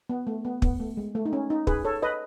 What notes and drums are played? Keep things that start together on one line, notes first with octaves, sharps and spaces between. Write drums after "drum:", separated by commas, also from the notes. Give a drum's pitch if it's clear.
B3
A3
B3
B3, drum: kick
A3
G#3
A3
D#4
C#4
D#4
G#4 B4, drum: kick
A4 C#5
B4 D#5